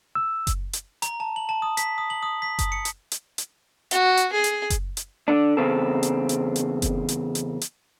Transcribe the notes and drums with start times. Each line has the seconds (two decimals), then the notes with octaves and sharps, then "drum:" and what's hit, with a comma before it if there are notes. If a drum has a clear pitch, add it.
0.15 E6
0.47 drum: kick F#1, hi-hat
0.73 drum: hi-hat
1.02 A#5, drum: hi-hat
1.20 A5
1.36 F#7
1.49 A5
1.62 D#6
1.77 B6, drum: hi-hat
1.98 D#6
2.10 F#7
2.23 D#6
2.42 B6
2.59 D#6, drum: kick F#1, hi-hat
2.72 C#7
2.85 drum: hi-hat
3.12 drum: hi-hat
3.38 drum: hi-hat
3.91 F#4, drum: hi-hat
4.17 drum: hi-hat
4.33 G#4
4.44 drum: hi-hat
4.70 drum: kick F#1, hi-hat
4.97 drum: hi-hat
5.28 D3 D4
5.57 E2 C#3 C4 A4
6.03 drum: hi-hat
6.29 drum: hi-hat
6.56 drum: hi-hat
6.82 drum: kick F#1, hi-hat
7.09 drum: hi-hat
7.35 drum: hi-hat
7.61 drum: hi-hat